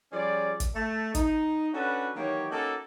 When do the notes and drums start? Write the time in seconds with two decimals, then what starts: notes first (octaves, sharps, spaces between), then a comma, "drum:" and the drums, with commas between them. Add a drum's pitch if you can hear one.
0.11 F3 G3 C#4 G#4 D5
0.60 drum: kick, hi-hat
0.75 A3
1.15 D#4, drum: kick, hi-hat
1.74 C#4 D4 F#4 A4 B4 F#5
2.16 D#3 E3 F#3 A#3 G4 C#5
2.50 A#3 C#4 D#4 F#4 A4